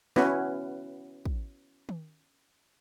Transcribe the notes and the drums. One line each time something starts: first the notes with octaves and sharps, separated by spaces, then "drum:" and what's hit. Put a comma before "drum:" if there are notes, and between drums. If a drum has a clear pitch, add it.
B3 C#4 E4 F#4 B4, drum: snare
drum: kick
drum: tom D#3